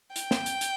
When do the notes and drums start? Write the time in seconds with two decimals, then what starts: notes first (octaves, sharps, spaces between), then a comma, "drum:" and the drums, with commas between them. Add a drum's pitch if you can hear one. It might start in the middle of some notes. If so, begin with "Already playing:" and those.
0.16 G5, drum: hi-hat
0.31 drum: snare
0.46 drum: hi-hat
0.61 drum: hi-hat